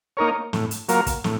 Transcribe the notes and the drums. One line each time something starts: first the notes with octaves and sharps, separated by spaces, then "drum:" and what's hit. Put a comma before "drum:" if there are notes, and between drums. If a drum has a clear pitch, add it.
A#3 D#4 A#4 C#5
A2, drum: snare
drum: hi-hat
F#3 A#3 F4 A#4, drum: hi-hat
drum: kick, hi-hat
A2, drum: snare